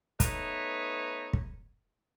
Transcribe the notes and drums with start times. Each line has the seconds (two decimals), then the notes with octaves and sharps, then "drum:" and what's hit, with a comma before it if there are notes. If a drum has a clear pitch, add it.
0.20 A3 B3 D#4 B4 C#5 E5, drum: kick, hi-hat
1.33 drum: kick